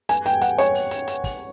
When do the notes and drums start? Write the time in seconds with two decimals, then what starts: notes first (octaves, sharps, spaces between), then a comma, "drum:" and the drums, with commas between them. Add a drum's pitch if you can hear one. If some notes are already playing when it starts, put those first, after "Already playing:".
0.09 G#5, drum: hi-hat
0.26 G5, drum: hi-hat
0.41 F#5, drum: hi-hat
0.58 C#5, drum: hi-hat
0.75 drum: open hi-hat
0.91 drum: hi-hat
1.08 drum: hi-hat
1.24 drum: kick, open hi-hat